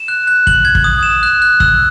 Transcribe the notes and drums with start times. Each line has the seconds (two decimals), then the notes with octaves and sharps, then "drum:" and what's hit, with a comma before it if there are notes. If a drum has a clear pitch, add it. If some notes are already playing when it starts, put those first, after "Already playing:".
Already playing: E7
0.08 F#6
0.27 F#6
0.47 F#7, drum: kick
0.65 G#6
0.75 drum: kick
0.84 D#6
1.03 E7
1.23 F#6
1.42 F#6
1.60 E6, drum: kick